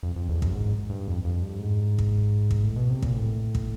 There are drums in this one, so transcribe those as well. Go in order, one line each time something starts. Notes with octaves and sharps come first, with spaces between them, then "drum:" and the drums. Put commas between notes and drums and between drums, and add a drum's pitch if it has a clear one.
F2
F2
E2
F#2, drum: kick
G#2
G2
F2
F2
G2
G#2
drum: kick
drum: kick
A2
B2
C3
A#2, drum: kick
A2
drum: kick